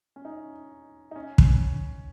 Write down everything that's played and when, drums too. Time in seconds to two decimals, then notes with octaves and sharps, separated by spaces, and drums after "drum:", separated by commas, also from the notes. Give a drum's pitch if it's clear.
0.16 C#4
0.25 D#4
1.11 D#4
1.16 C#4
1.38 drum: kick